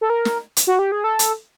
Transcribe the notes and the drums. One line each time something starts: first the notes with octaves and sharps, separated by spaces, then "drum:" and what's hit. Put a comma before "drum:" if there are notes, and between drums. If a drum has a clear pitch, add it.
A4
A#4
drum: snare
drum: hi-hat
F#4
G4
G#4
A4
drum: hi-hat